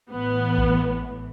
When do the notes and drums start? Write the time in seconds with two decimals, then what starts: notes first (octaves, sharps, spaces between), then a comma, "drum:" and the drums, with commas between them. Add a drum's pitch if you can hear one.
0.12 A1 A2 E3 B3
0.58 drum: kick A1